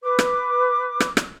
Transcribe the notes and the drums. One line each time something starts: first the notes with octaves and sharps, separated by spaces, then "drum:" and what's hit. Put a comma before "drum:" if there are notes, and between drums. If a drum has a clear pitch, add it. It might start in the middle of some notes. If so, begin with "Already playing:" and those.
B4 D6
drum: rim click
drum: rim click
drum: rim click